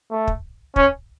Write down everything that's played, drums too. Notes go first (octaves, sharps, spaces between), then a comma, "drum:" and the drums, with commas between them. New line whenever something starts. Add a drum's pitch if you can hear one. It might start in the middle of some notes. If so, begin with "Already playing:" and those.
A3
drum: kick
C#4, drum: kick